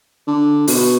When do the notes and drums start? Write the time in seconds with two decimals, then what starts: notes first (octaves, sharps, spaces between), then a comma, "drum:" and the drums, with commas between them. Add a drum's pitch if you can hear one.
0.27 D3
0.67 B2, drum: open hi-hat